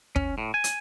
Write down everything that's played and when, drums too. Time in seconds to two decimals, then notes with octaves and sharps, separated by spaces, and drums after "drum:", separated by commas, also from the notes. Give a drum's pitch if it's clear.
0.16 C#4, drum: kick
0.38 A2
0.54 G#5
0.64 drum: hi-hat